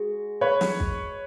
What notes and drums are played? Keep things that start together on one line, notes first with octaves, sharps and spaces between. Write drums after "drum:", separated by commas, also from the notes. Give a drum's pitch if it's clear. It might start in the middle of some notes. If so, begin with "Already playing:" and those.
Already playing: G#3 F#4
B4 C#5
drum: snare
drum: kick